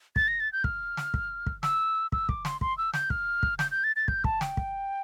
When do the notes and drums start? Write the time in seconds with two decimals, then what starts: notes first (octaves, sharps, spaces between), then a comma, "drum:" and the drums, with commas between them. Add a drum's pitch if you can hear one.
0.16 A6, drum: kick
0.28 A#6
0.40 A6
0.53 G6
0.64 F6, drum: kick
0.97 drum: snare
1.14 drum: kick
1.46 drum: kick
1.63 E6, drum: snare
2.12 E6, drum: kick
2.29 D6, drum: kick
2.45 C6, drum: snare
2.61 C6, drum: kick
2.78 E6
2.94 G6, drum: snare
3.10 F6, drum: kick
3.43 drum: kick
3.59 G6, drum: snare
3.71 G6
3.84 A6
3.96 A6
4.08 G6, drum: kick
4.24 A5, drum: kick
4.41 G5, drum: snare
4.57 drum: kick